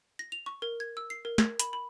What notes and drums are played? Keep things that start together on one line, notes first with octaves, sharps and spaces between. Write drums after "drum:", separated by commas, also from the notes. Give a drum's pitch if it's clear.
A#6
F7
C#6
A#4
G#6
E6
C7
A#4
G#6, drum: snare
B5, drum: hi-hat
B5